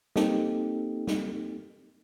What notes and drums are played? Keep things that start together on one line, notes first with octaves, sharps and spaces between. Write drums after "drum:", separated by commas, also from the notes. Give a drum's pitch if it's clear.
A#3 C4 D#4 G4 A4, drum: snare
drum: snare